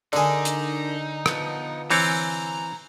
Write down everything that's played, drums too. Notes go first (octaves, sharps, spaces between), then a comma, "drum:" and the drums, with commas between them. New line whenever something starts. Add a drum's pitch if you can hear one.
D3 D4 D#4 G#4 A#4
drum: hi-hat
F3 B3, drum: rim click
E3 C4 C#5 G#5 A#5, drum: open hi-hat